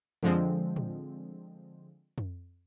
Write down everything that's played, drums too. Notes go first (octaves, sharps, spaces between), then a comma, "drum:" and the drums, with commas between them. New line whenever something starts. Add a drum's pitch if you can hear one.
D3 F3 G#3 C4, drum: tom F2
drum: tom A2
drum: tom F2